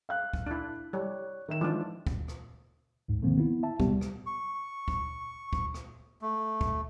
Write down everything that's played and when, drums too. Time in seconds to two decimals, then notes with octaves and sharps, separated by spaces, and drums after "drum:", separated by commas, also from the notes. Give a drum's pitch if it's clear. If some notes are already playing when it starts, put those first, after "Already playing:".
0.09 F5 F#6
0.34 drum: kick
0.46 D4 E4
0.93 G3 C#5
1.48 D#3 E5 E7
1.61 E3 F3 G#3 D4
2.07 drum: kick
2.28 drum: rim click
3.09 D2 G#2
3.22 B2 D3 D#3 F3 A#3 C4
3.38 B3 E4
3.63 E5 A5
3.80 C3 G3 B3 G4, drum: kick
4.01 drum: rim click
4.26 C#6
4.88 drum: kick
5.53 drum: kick
5.74 drum: rim click
6.22 A3
6.61 drum: kick